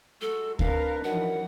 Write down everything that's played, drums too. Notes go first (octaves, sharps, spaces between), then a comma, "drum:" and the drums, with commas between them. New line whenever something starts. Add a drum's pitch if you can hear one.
G#3 F#4 A4
C4 D4 A#4 B4 F5, drum: kick D2
F#2 E3 F3 D#4 F#5